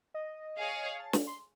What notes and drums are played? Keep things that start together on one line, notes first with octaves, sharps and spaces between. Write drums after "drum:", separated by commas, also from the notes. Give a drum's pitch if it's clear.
D#5
G#4 C#5 F5
A5
drum: snare
C6